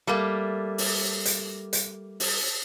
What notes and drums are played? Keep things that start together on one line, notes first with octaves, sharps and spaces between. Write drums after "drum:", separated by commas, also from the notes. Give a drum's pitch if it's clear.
G3 A3 A#3
drum: open hi-hat
drum: hi-hat
drum: hi-hat
drum: open hi-hat